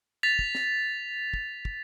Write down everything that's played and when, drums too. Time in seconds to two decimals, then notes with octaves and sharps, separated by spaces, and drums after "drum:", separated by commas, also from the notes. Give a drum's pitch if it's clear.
0.23 A6 B6 F7
0.39 drum: kick
0.55 drum: snare
1.34 drum: kick
1.65 drum: kick